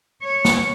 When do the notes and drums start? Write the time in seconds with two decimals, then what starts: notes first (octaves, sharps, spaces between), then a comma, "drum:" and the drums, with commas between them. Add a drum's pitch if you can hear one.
0.22 C#5
0.45 drum: snare